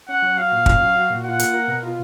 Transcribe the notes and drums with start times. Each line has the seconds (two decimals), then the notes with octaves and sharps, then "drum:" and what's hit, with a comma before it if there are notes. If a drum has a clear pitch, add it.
0.09 C#4 F#5
0.22 F#3
0.37 F#4 F5
0.52 A#2
0.66 C#4, drum: kick
0.80 F#3
0.95 F#4
1.10 A#2
1.24 F4 F#5
1.39 A#3, drum: hi-hat
1.54 A#4
1.68 B2
1.83 F4